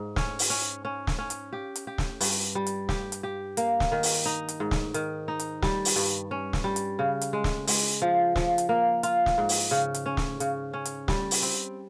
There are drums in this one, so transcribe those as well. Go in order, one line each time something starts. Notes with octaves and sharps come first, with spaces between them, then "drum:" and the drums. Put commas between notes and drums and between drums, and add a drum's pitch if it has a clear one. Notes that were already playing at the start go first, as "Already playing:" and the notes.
Already playing: G#2
C#4, drum: snare
drum: open hi-hat
C#4
C#4
drum: snare
C#4
drum: hi-hat
G4
drum: hi-hat
G4
drum: snare
G2, drum: open hi-hat
G3
drum: hi-hat
G4, drum: snare
drum: hi-hat
G4
A#3, drum: hi-hat
drum: snare
D#3
drum: open hi-hat
D#4
drum: hi-hat
G#2
drum: snare
D#3, drum: hi-hat
D#4
drum: hi-hat
G3, drum: snare
drum: open hi-hat
G2
C#4
drum: snare
G3
drum: hi-hat
C#3
drum: hi-hat
G#3
drum: snare
G#3, drum: open hi-hat
F3
F3, drum: snare
drum: hi-hat
A#3
F4, drum: hi-hat
drum: snare
G#2
drum: open hi-hat
C#3
drum: hi-hat
C#4
drum: snare
C#3, drum: hi-hat
C#4
drum: hi-hat
G3, drum: snare
drum: open hi-hat
C4